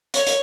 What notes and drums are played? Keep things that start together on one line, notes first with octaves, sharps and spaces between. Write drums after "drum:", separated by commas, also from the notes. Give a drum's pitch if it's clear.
C#5, drum: hi-hat
drum: hi-hat